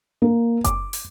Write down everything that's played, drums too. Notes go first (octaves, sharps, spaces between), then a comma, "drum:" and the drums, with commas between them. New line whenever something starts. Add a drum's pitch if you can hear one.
A#3
D6, drum: kick F#1, hi-hat
drum: open hi-hat